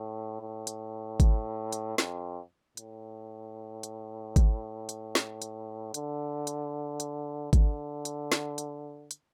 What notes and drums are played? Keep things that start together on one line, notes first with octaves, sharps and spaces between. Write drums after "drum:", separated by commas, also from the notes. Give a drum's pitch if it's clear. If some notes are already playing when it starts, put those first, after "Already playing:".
Already playing: A2
A2
drum: hi-hat
drum: kick G#1, hi-hat
drum: hi-hat
F2, drum: snare
A2, drum: hi-hat
drum: hi-hat
drum: kick G#1, hi-hat
drum: hi-hat
drum: snare
drum: hi-hat
D3, drum: hi-hat
drum: hi-hat
drum: hi-hat
D3, drum: kick G#1, hi-hat
drum: hi-hat
drum: snare
drum: hi-hat
drum: hi-hat